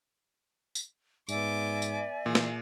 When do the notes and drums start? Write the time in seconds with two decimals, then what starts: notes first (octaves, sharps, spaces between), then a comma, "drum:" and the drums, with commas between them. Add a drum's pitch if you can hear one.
0.75 drum: tambourine
1.29 G#2 B3 D5 E5 G#5 D6, drum: tambourine
1.82 drum: tambourine
2.26 A#2 E3 G#4 F5
2.35 drum: snare